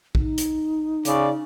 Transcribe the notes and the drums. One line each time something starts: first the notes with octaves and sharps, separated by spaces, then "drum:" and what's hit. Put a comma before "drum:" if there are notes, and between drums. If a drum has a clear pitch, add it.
D#4, drum: kick
drum: hi-hat
C#3 D5, drum: hi-hat